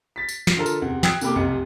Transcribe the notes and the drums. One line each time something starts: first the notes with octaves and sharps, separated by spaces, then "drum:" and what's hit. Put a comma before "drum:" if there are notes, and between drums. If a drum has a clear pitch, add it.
A6 B6
drum: tambourine
drum: snare
D3 F4 A4 A#4
drum: tambourine
E2 C3
G5 D#6 E6 F#6 G#6, drum: snare
C3 A#3 G4 A4 B5 D6, drum: tambourine
F1 B1 C3 C#7